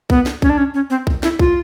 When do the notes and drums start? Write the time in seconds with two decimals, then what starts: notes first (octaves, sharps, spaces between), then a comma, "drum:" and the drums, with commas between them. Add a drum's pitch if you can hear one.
0.10 B3, drum: kick B1
0.26 drum: snare
0.42 C#4, drum: kick B1
0.50 D4
0.58 C#4
0.74 C#4
0.90 C4
1.07 drum: kick B1
1.23 E4, drum: snare
1.39 F4, drum: kick B1